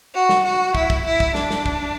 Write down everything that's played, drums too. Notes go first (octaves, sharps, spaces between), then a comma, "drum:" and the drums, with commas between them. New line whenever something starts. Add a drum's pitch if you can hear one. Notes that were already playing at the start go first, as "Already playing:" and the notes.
F#4
drum: snare
F#4
E4, drum: kick
drum: kick
E4
drum: kick
D4, drum: snare
drum: snare
drum: kick